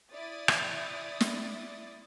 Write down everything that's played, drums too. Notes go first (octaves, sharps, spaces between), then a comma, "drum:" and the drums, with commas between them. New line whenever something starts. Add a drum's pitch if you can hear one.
E4 D5 D#6 A6
drum: rim click
drum: snare